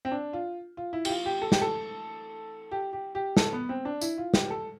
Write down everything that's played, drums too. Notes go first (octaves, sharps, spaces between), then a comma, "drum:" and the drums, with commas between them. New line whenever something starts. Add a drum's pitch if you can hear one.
C4
D4
F4
F4
E4
G4, drum: cymbal
F4
G4
A4
G4, drum: snare
A4
G4
G4
G4
A4, drum: snare
B3
C4
D4
E4, drum: tambourine
F4
G4, drum: snare
A4